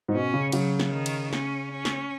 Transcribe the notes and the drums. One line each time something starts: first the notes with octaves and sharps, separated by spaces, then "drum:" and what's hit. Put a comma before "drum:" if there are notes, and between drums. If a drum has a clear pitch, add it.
G#2
B2 C#4
C#3
C#3 F#3, drum: cymbal
drum: snare
D#3
drum: cymbal
C#4, drum: snare
C#4
drum: snare